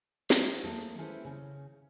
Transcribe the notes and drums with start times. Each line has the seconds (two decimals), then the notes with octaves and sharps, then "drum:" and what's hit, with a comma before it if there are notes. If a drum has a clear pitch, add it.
0.30 E4, drum: snare
0.64 F3 A3 A#3 G#4
0.98 G#3 C#4 E4 A4 B4 C5
1.25 C#3 C#4